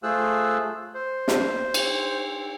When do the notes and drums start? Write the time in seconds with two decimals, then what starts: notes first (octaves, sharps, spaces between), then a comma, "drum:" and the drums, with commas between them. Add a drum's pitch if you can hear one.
0.03 A3 F4 G#4 C5 E6 F#6
0.94 C5
1.28 drum: snare
1.74 drum: cymbal